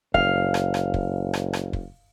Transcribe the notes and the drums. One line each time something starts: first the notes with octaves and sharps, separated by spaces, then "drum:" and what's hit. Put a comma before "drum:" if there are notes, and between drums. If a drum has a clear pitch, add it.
F#1 F5, drum: kick
drum: rim click
drum: rim click
drum: kick
drum: rim click
drum: rim click
drum: kick